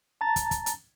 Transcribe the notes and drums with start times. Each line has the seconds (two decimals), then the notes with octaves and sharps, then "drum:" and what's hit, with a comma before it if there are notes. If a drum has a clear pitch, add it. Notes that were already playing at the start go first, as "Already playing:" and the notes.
0.21 A5 A#5 A6
0.36 drum: kick, hi-hat
0.51 drum: kick, hi-hat
0.66 drum: hi-hat